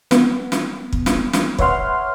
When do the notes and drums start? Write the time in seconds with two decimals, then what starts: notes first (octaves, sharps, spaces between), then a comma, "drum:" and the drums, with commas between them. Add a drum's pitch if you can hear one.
0.11 B3, drum: snare
0.52 drum: snare
0.93 drum: kick
1.06 drum: snare
1.33 drum: snare
1.59 B4 C#5 E5 F#5 C6 F6, drum: kick